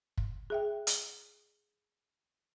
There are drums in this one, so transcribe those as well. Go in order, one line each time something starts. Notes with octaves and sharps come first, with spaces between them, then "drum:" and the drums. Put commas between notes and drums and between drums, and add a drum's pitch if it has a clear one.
drum: kick
G#4 E5 G5
drum: hi-hat